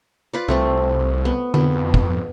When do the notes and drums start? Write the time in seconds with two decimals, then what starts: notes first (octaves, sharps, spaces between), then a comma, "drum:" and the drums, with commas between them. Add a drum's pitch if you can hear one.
0.33 F4 B4 D5
0.48 C2 A3 C4 A4
1.25 B3
1.54 F2 B3, drum: tom D3
1.94 drum: kick